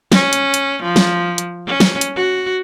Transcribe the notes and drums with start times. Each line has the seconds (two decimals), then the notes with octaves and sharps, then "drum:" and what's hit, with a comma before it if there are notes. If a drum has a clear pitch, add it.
0.12 C#4, drum: snare
0.33 drum: hi-hat
0.54 drum: hi-hat
0.83 F3
0.96 drum: snare
1.38 drum: hi-hat
1.67 C#4
1.80 drum: snare
2.01 drum: hi-hat
2.16 F#4